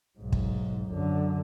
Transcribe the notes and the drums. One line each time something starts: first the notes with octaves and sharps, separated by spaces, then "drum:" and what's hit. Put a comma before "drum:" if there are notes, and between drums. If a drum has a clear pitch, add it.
B1 G#2
drum: kick
F#2 D3